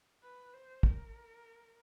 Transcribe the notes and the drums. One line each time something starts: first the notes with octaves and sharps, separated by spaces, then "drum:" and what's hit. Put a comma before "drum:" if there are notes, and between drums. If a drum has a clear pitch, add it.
B4
C5
A#4, drum: kick